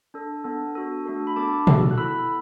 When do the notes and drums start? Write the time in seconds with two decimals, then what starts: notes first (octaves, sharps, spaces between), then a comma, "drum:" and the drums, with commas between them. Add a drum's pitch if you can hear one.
0.14 D4 A4
0.44 B3 D4 A4
0.75 D4 F#4 A4
1.06 A3 D4 F#4 A4
1.27 B5
1.36 B3 D4 A4 A5 D6
1.67 B3 F#4 A4, drum: tom
1.91 F#6
1.98 B3 E4 A4 B5 E6